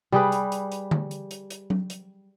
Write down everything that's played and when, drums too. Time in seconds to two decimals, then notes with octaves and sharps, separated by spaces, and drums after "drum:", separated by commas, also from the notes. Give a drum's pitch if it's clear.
0.12 G3 G4 G#4 B4, drum: tom C3
0.32 drum: hi-hat
0.52 drum: hi-hat
0.72 drum: hi-hat
0.91 drum: tom D3
1.11 drum: hi-hat
1.31 drum: hi-hat
1.50 drum: hi-hat
1.70 drum: tom F#3
1.90 drum: hi-hat